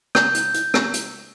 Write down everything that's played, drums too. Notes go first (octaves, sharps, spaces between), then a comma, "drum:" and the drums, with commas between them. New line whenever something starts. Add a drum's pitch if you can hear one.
G6, drum: rim click
drum: hi-hat
drum: hi-hat
drum: rim click
drum: hi-hat